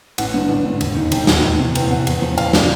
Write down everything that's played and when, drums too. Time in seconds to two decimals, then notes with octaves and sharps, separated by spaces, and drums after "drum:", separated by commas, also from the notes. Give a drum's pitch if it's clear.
0.18 A1 F#5, drum: cymbal
0.34 G2 D3
0.49 A1
0.65 G2 D3
0.81 E1, drum: cymbal
0.96 D#2 D#3
1.12 E1 G5, drum: cymbal
1.27 D#2 D#3, drum: snare
1.44 E2
1.59 C3 E3
1.75 E2 G5, drum: cymbal
1.91 C3 E3 F#5
2.07 E2, drum: cymbal
2.22 C#3 F3
2.38 E2 F5, drum: cymbal
2.53 C#3 F3 D5, drum: snare